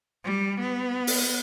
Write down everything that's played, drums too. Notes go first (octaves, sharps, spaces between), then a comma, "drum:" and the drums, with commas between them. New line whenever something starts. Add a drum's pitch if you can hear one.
G3
B3
drum: open hi-hat